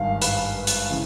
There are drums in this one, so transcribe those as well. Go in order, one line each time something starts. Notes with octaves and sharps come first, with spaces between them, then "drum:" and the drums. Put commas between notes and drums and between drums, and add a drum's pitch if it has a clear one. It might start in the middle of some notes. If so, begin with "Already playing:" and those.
Already playing: G#1 G2 D#3 F5
B4, drum: hi-hat
drum: hi-hat
C#3 E3